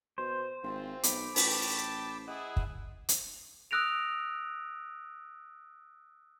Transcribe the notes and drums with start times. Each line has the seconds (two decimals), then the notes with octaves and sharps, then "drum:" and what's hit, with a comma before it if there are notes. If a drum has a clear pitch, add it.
0.18 B2 C5
0.63 G#1 C4 F4
1.03 B1 B5 D6, drum: hi-hat
1.36 A1 G5 A5, drum: open hi-hat
2.28 E4 G#4 D#5 F#5
2.57 drum: kick
3.09 drum: hi-hat
3.71 D#6 E6 F#6 A#6 D7 F7